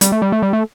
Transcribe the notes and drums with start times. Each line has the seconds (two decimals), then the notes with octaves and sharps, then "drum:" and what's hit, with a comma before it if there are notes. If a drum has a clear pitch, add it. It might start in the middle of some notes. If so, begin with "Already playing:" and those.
0.01 G3, drum: hi-hat
0.12 A3
0.22 G3
0.32 A3
0.42 G3
0.53 A3